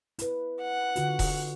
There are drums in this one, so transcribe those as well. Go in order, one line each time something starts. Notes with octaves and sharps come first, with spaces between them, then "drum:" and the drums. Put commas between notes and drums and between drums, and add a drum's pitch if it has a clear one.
E4 B4, drum: hi-hat
F#5
D3 F4 F#4, drum: hi-hat
drum: kick E1, open hi-hat